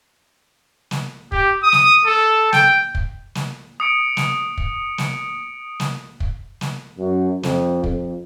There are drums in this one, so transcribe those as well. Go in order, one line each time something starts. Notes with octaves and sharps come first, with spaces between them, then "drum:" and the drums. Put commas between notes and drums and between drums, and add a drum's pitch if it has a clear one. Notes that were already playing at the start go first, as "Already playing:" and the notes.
drum: snare
G4, drum: kick
D#6
drum: snare
A4
G5, drum: snare
drum: kick
drum: snare
D#6 C#7 D7
drum: snare
drum: kick
drum: snare
drum: snare
drum: kick
drum: snare
F#2
F2, drum: snare
F2, drum: kick